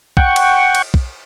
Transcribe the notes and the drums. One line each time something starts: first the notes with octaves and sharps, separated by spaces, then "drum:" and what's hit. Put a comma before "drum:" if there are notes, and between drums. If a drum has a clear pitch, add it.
F#5 G5 C#6, drum: kick
drum: cymbal
drum: cymbal
drum: kick